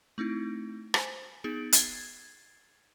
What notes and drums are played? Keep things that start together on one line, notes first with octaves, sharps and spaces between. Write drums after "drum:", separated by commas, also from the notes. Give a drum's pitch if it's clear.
A3 C4 D#4 E4
C5 G#5, drum: rim click
B3 D#4 G#4 D7
G#6 A6 C7, drum: hi-hat